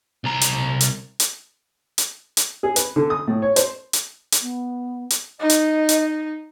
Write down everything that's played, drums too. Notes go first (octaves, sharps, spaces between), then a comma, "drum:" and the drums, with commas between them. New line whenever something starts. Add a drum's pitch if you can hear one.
C2 A#5
drum: hi-hat
drum: hi-hat
drum: hi-hat
drum: hi-hat
drum: hi-hat
G#4
B4, drum: hi-hat
D3
D#6
A2
C#5
C5, drum: hi-hat
drum: hi-hat
drum: hi-hat
B3
drum: hi-hat
D#4 D#5
drum: hi-hat
drum: hi-hat